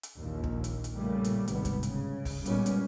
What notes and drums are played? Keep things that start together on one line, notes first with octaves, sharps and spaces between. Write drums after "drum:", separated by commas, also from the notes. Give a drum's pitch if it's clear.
drum: hi-hat
A#1 D#2 A#2
drum: kick
drum: hi-hat
drum: hi-hat
A#2 C#3 G3 A3 A#3
drum: hi-hat
G#1 G2 C3 G3 B3, drum: hi-hat
drum: kick, hi-hat
C#3, drum: hi-hat
drum: kick, open hi-hat
A#2 G3 G#3 B3 C#4, drum: hi-hat
drum: hi-hat